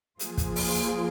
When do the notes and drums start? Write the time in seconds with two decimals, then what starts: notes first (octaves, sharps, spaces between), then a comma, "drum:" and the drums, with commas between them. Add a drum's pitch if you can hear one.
0.19 F3 A#3 F4 G#4, drum: hi-hat
0.37 drum: kick, hi-hat
0.56 drum: open hi-hat
0.74 drum: hi-hat